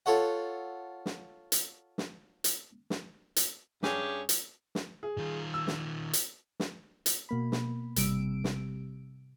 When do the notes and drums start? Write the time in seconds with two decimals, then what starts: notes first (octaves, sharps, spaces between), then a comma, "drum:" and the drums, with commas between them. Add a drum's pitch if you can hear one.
0.06 F4 A4 C#5 F#5
1.06 drum: snare
1.52 drum: hi-hat
1.98 drum: snare
2.44 drum: hi-hat
2.90 drum: snare
3.36 drum: hi-hat
3.83 G2 C#4 G4 G#4 C#5, drum: snare
4.29 drum: hi-hat
4.75 drum: snare
5.03 G#4
5.18 D#3 F4
5.54 E6
5.67 drum: snare
6.13 drum: hi-hat
6.60 drum: snare
7.06 drum: hi-hat
7.29 B2 A#3 B5
7.52 drum: snare
7.96 G#1 C3 G3 E6 D7, drum: hi-hat
8.44 drum: snare